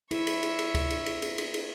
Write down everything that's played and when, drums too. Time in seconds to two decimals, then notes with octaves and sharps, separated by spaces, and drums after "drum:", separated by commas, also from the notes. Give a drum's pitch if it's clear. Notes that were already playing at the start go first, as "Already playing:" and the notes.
0.11 E4 C#5 E5, drum: cymbal
0.27 drum: cymbal
0.43 drum: cymbal
0.59 drum: cymbal
0.75 drum: kick C#2, cymbal
0.90 drum: cymbal
1.06 drum: cymbal
1.22 drum: cymbal
1.38 drum: cymbal
1.54 drum: cymbal